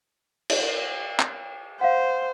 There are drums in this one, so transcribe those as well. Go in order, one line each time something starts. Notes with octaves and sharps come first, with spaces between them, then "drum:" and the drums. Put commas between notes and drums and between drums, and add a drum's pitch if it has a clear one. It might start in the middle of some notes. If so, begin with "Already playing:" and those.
drum: cymbal
drum: clap
C5 F5 F#5